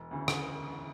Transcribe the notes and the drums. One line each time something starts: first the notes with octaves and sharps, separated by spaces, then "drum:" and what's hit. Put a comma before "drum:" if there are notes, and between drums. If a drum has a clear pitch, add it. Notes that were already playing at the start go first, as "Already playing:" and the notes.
Already playing: E1
D2 C#3 E3
drum: rim click
E1